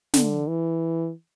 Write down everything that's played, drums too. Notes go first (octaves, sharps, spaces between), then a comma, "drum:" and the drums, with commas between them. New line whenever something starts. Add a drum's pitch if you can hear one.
D3, drum: snare
E3